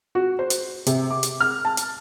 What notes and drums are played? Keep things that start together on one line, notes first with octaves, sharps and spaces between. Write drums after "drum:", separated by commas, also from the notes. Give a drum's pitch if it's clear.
F#4
C5
drum: hi-hat
C3, drum: hi-hat
D6
drum: hi-hat
F6
A5
drum: hi-hat